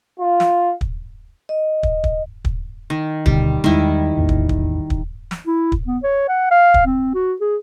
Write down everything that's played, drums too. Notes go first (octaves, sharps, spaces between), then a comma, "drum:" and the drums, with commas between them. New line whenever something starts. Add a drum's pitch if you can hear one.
F4
drum: snare
drum: kick
D#5
drum: kick
drum: kick
drum: kick
D#3
D2 B2 D3 G3, drum: kick
E2 D#3 G3 G#3 E4
A1 E2 A#3
drum: kick
drum: kick
drum: kick
drum: snare
E4
drum: kick
B3
C#5
F#5
F5
drum: kick
C4
F#4
G#4